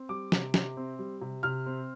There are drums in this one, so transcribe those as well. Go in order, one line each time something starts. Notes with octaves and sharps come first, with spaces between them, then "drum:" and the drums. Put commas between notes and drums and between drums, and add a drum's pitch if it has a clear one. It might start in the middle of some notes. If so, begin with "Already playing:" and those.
Already playing: C4
G3 D6
C3, drum: snare
C3, drum: snare
C4
G3
C3
C3 F6
C4